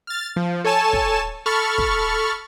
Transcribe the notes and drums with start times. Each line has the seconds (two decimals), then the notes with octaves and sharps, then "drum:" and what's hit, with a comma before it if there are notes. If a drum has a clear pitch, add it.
0.07 F6 A6
0.36 F3
0.65 A4 C#5 G#5 A5 E7
0.93 drum: kick
1.46 A4 B5 C#6 F6 A6
1.78 drum: kick